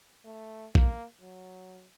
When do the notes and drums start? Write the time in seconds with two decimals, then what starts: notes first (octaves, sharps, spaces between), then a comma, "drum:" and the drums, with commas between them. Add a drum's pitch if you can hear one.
0.24 A3
0.75 A#3, drum: kick
1.20 F#3